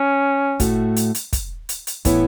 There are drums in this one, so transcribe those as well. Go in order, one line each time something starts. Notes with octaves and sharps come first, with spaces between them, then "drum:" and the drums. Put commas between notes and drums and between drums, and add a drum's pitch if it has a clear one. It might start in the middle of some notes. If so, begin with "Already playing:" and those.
Already playing: C#4
A2 A3 F#4, drum: kick, hi-hat
drum: hi-hat
drum: hi-hat
drum: kick, hi-hat
drum: hi-hat
drum: hi-hat
A2 E3 B3 E4 C#5, drum: kick, hi-hat